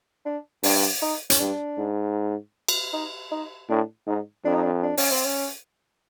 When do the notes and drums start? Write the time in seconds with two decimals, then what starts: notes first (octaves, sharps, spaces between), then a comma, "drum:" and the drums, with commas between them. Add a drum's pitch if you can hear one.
0.26 D4
0.63 G2 D4, drum: open hi-hat
1.02 D#4
1.30 C#4, drum: hi-hat
1.40 G2 D4
1.78 G#2
2.68 drum: cymbal
2.93 D#4
3.31 D#4
3.69 A2 D4
4.07 G#2 D#4
4.45 F2 D4
4.54 D#4
4.63 D4
4.83 D4
4.97 C#4, drum: open hi-hat
5.11 C4
5.25 C#4